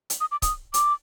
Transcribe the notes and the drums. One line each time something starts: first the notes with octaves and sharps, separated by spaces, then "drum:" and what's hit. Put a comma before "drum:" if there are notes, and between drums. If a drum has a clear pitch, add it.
drum: hi-hat
D#6
D6
D#6, drum: kick C#1, hi-hat
D6, drum: hi-hat